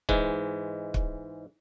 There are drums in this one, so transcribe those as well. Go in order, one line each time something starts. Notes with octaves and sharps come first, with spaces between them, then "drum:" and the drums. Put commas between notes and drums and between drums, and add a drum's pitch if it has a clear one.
G#2 E3 G#3, drum: kick
drum: kick